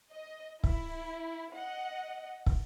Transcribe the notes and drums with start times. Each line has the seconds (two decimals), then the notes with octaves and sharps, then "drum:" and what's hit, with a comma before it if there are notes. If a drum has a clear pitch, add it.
0.12 D#5
0.64 E4, drum: kick
1.54 D#5 F#5
2.46 drum: kick